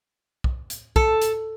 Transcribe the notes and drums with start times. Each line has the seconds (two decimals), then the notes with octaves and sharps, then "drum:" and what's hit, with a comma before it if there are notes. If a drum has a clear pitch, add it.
0.44 drum: kick B1
0.70 drum: hi-hat
0.96 A4, drum: kick B1
1.22 drum: hi-hat